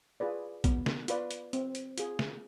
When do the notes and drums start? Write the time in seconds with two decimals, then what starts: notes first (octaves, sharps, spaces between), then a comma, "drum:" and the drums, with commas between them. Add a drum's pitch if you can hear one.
0.20 F4 G#4 B4 D5
0.64 B3, drum: kick A#1, hi-hat
0.86 drum: snare
1.08 F4 B4 D5, drum: hi-hat
1.31 drum: hi-hat
1.53 C4, drum: hi-hat
1.75 drum: hi-hat
1.98 F4 G#4, drum: hi-hat
2.19 drum: snare